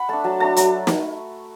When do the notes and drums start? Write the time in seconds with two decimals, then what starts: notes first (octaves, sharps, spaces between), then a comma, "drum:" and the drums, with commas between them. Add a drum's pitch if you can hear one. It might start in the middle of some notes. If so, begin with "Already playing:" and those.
Already playing: F#5 B5
0.09 A3 D4 A5
0.24 F#3 A5
0.40 A3 D4 A5
0.56 F#3 A5, drum: hi-hat
0.87 drum: snare